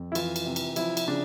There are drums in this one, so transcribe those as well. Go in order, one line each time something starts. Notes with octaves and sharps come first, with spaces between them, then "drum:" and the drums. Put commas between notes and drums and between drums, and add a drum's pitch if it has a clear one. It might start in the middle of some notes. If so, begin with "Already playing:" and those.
Already playing: F2
E4
E3 F4, drum: cymbal
drum: cymbal
C3
drum: cymbal
F3 E4, drum: cymbal
drum: cymbal
C#3 D4